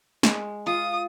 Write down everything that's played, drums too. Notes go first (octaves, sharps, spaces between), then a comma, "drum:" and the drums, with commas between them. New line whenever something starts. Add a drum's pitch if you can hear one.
G#3, drum: snare
F4 D#6